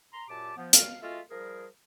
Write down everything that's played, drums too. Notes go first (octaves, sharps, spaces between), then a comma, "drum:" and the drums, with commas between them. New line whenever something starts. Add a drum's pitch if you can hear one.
A#5 C6
F#2 A#2 G4 A5 D6
F3 B3
F5, drum: hi-hat
G#3 F4 F#4 A4 E5 F5
F3 G3 G#4 A#4